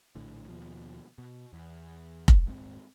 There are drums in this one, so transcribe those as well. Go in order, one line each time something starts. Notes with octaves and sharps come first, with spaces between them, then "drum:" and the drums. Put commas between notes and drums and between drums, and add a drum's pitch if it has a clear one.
A#1 A2 D3
D#2 B2 F3
B2
E2
drum: kick F1
D#1 G#2 B3 C4